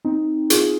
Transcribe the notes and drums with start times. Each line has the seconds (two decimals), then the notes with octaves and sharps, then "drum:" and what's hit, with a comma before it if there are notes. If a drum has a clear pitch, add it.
0.05 C4 D#4
0.50 F4 G#4, drum: hi-hat